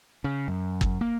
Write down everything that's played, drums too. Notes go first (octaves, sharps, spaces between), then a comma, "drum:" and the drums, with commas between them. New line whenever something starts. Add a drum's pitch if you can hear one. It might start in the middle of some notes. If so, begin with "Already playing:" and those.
C#3
F#2
drum: kick
A#3